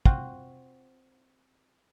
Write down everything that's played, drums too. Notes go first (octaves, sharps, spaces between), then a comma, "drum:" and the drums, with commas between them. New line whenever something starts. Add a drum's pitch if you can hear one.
C4 F4 F#4, drum: kick